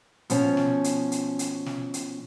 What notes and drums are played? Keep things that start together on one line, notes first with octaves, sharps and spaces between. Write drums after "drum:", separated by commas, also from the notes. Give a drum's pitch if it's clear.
B2 F3 C#4, drum: hi-hat
drum: snare
drum: hi-hat
drum: hi-hat
drum: hi-hat
drum: snare
drum: hi-hat